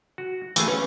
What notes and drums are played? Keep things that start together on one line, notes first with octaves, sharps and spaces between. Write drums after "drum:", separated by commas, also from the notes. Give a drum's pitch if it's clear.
F#4
E3 A3 G#4, drum: hi-hat
C#4 B4